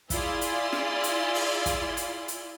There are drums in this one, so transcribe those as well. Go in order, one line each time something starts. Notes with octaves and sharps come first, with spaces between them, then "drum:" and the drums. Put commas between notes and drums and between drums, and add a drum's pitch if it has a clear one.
E4 F4 G#4 D5 C6, drum: kick, hi-hat
drum: hi-hat
drum: snare
drum: hi-hat
drum: open hi-hat
drum: kick, hi-hat
drum: hi-hat
drum: hi-hat